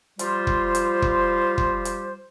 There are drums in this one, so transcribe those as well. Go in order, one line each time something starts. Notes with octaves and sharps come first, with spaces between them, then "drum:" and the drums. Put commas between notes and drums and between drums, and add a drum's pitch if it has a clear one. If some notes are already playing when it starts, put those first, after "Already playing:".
F3 G3 F4 G4 C5, drum: hi-hat
drum: kick
drum: hi-hat
drum: kick
drum: kick
drum: hi-hat